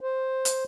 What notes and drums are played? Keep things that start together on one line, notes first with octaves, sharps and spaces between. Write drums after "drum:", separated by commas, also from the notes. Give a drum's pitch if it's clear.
C5
drum: hi-hat